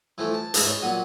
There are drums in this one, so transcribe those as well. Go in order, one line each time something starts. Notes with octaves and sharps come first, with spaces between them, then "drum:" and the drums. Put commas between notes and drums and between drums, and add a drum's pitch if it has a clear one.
E3 F3 A3
A5
G#2 G#3 E4 F5, drum: hi-hat
D#4 C#5
A#2 F#3 F#5 G#5